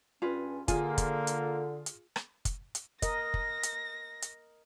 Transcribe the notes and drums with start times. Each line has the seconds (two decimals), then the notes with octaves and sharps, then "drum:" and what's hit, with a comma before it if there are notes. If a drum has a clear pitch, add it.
0.22 G2 C#4 F4 G#4 B4
0.68 D3 A#3 F4 G#4 G#5, drum: kick, hi-hat
0.98 drum: kick, hi-hat
1.27 drum: hi-hat
1.86 drum: hi-hat
2.16 drum: rim click
2.45 drum: kick, hi-hat
2.75 drum: hi-hat
3.02 A#4 D#5 A#6, drum: kick, hi-hat
3.34 drum: kick
3.63 drum: hi-hat
4.22 drum: hi-hat